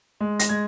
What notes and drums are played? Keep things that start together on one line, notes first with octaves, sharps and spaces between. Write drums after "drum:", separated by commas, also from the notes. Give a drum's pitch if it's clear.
G#3
A#6, drum: hi-hat
G#3 G#6